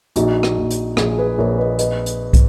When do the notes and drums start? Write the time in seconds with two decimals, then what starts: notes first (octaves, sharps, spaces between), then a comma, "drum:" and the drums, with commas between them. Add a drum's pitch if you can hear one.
0.16 A#1 D#4 F#4, drum: hi-hat
0.43 drum: rim click
0.57 A#1
0.70 drum: hi-hat
0.97 A#1 F4 G#4, drum: rim click
1.18 G#4 B4
1.38 A#1 A#4 C#5
1.58 B4 D#5
1.79 B4 D#5, drum: hi-hat
2.06 drum: hi-hat
2.33 drum: kick, hi-hat